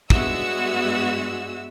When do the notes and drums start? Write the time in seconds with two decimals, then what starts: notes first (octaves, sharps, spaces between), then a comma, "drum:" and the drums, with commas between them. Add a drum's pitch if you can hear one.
0.10 G2 G#3 B3 F#4 E5 E6, drum: kick